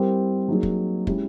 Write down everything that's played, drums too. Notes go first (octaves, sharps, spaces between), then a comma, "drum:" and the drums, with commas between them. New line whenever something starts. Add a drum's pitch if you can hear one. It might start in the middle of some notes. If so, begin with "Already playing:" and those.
Already playing: G3 C4 E4 G4 A#4
F#3 A#3 D#4 G#4
drum: kick
G#3 C#4 E4 G4, drum: kick